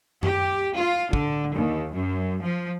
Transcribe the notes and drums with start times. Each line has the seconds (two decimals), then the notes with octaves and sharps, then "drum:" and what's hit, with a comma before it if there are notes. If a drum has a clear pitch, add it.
0.23 G4, drum: tom F#2
0.76 F4
1.13 D3, drum: kick
1.54 D#2
1.94 F#2
2.43 F3